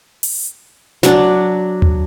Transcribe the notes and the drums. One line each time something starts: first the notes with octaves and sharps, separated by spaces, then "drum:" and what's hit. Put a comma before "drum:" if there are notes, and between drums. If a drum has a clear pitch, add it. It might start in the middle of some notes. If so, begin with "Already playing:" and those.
drum: open hi-hat
F#3 D4, drum: snare
drum: tom D#2